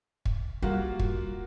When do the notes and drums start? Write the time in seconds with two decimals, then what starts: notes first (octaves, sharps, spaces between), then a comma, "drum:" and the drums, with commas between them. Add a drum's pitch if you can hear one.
0.25 drum: kick
0.62 G3 A#3 F4 F#4
0.99 drum: kick